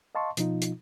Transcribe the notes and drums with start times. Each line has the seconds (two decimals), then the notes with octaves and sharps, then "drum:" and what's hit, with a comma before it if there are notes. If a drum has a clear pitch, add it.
0.15 D#5 F5 A5 C6 C#6
0.37 B2 F3 D#4 F4, drum: hi-hat
0.62 drum: hi-hat